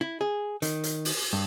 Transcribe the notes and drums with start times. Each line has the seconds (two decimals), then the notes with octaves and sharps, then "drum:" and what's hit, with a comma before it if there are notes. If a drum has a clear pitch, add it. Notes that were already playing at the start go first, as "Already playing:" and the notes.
0.01 E4
0.21 G#4
0.62 D#3, drum: hi-hat
0.84 drum: hi-hat
1.05 drum: open hi-hat
1.33 G2